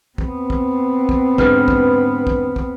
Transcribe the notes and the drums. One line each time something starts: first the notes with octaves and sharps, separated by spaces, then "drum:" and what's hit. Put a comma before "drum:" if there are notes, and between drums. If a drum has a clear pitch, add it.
B3 C4, drum: kick
drum: kick
drum: kick
G#2 D3 B4 F6, drum: kick
drum: kick
drum: kick
drum: kick